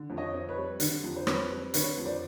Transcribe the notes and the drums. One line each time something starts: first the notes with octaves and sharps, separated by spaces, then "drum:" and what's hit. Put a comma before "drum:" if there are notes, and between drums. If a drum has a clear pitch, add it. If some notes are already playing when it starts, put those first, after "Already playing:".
Already playing: D3
F2
C#5 D#5
C4
B4 C#5
G3
D3, drum: hi-hat
F2
C5
C4 B4 C#5, drum: rim click
G3
D3 B4 C#5, drum: hi-hat
F2
C5 D5